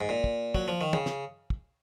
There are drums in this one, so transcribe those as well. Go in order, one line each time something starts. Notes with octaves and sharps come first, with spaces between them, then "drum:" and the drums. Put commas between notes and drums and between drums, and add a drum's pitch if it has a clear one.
G#2
A#2
drum: kick
F#3, drum: kick
F3
D#3
C#3, drum: tom
drum: snare
drum: kick